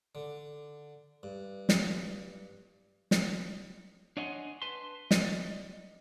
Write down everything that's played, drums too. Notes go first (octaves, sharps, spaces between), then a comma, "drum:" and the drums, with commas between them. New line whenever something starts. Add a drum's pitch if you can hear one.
D3
G2
drum: snare
drum: snare
D4 C#5 D#5 F#5 G#5 C6
B4 A5 C6
D5 D#5, drum: snare